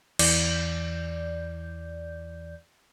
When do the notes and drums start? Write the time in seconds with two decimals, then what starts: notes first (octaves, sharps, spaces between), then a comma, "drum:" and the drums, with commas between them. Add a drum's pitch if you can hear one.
0.19 E2 E3 D5 G6, drum: cymbal